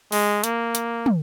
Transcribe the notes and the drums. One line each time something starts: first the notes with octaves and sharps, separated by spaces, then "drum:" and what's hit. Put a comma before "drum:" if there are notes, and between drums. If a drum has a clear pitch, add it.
G#3, drum: open hi-hat
A#3, drum: hi-hat
drum: hi-hat
drum: tom